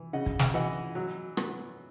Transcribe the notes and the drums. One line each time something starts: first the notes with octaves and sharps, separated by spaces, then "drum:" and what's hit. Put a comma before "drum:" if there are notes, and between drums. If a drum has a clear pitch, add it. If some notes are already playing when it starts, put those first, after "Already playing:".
Already playing: E3
C#3 D#5 F#5
drum: kick
drum: snare
E3 D#5 F#5
F#3
B3, drum: rim click